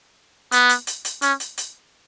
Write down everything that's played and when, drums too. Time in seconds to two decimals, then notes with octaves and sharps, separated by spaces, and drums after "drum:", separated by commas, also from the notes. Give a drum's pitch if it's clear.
0.52 B3, drum: hi-hat
0.69 drum: hi-hat
0.87 drum: hi-hat
1.05 drum: hi-hat
1.22 C#4, drum: hi-hat
1.40 drum: hi-hat
1.58 drum: hi-hat